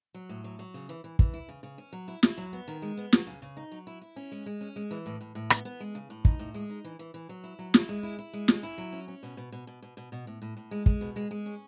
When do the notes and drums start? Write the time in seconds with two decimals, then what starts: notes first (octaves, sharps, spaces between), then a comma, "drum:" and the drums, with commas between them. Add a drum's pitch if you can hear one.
0.14 F#3
0.29 A2
0.44 F#3
0.59 F#3
0.74 C#3
0.89 E3
1.04 E3
1.19 E3, drum: kick
1.34 E4
1.49 C#3
1.63 C#3
1.78 C#4
1.93 F#3
2.08 E4
2.23 E4, drum: snare
2.38 F#3
2.53 B3
2.68 D#3
2.82 G#3
2.97 B3
3.12 F#3, drum: snare
3.27 C#3
3.42 C#3
3.57 D#4
3.72 F#3
3.87 E4
4.02 E4
4.16 C#4
4.32 G#3
4.46 G#3
4.61 C#4
4.76 G#3
4.91 E3
5.06 A2
5.21 A2
5.35 A2
5.50 B3, drum: rim click
5.65 B3
5.80 G#3
5.95 C#3
6.10 A2
6.25 D#4, drum: kick
6.39 A2
6.54 G#3
6.69 D#4
6.84 E3
6.99 E3
7.14 E3
7.29 F#3
7.44 E4
7.59 F#3
7.74 E4, drum: snare
7.89 G#3
8.03 E4
8.19 E4
8.33 G#3
8.48 C#4, drum: snare
8.63 E4
8.78 F#3
8.93 C#4
9.08 C#4
9.23 B2
9.37 B2
9.52 B2
9.67 B2
9.82 B2
9.97 B2
10.12 B2
10.27 A2
10.42 A2
10.57 A2
10.71 G#3
10.86 G#3, drum: kick
11.01 B2
11.16 G#3
11.31 G#3
11.46 C#4